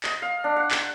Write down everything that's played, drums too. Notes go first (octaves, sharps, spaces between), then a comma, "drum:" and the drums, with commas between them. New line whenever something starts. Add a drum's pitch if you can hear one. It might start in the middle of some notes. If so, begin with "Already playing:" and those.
D#5, drum: clap
F5
D4
F#5
D6, drum: clap